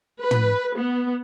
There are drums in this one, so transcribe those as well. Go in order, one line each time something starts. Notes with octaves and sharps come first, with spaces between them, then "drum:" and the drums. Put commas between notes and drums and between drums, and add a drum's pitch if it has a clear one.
B4
drum: tom
B3